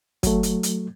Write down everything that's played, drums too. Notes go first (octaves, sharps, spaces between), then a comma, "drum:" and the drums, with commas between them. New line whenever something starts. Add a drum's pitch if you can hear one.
F#3 A3, drum: kick, hi-hat
drum: hi-hat
drum: hi-hat